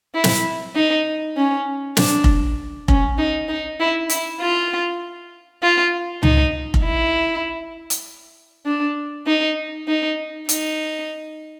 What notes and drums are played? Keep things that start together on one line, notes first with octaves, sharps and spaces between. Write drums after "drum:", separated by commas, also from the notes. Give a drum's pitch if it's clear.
E4
drum: snare
D#4
C#4
D4, drum: snare
drum: kick F1
C#4, drum: kick F1
D#4
D#4
E4
E4, drum: hi-hat
F4
F4
D#4, drum: tom C#2
drum: kick F1
E4
drum: hi-hat
D4
D#4
D#4
D#4, drum: hi-hat